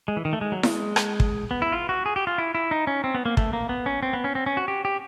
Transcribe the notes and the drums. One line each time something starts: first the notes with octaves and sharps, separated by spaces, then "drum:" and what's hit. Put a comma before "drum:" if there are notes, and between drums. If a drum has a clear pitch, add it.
G#3
E3
D#3
A3
G#3
F#3
G#3, drum: snare E4
drum: rim click
drum: kick
B3
E4
F4
F#4
G#4
G4
F4
E4
E4
D#4
C#4
C4
B3
A#3
A3, drum: kick
A#3
B3
C#4
C4
B3
C#4
C4
C#4
F#4
G4
G4